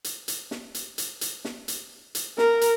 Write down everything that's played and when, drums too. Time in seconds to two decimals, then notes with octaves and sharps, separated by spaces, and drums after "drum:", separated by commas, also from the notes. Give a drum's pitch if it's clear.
0.04 drum: hi-hat
0.28 drum: hi-hat
0.51 drum: snare
0.75 drum: hi-hat
0.98 drum: hi-hat
1.21 drum: hi-hat
1.45 drum: snare
1.68 drum: hi-hat
2.15 drum: hi-hat
2.38 A#4, drum: snare
2.61 drum: hi-hat